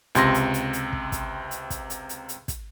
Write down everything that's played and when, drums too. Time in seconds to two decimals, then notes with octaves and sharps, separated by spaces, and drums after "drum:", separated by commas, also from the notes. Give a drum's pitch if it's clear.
0.15 C#2 C3 C6 A#6, drum: kick, hi-hat
0.34 drum: hi-hat
0.54 drum: hi-hat
0.73 drum: hi-hat
0.93 drum: kick
1.12 drum: kick, hi-hat
1.51 drum: hi-hat
1.70 drum: kick, hi-hat
1.90 drum: hi-hat
2.09 drum: hi-hat
2.29 drum: hi-hat
2.48 drum: kick, hi-hat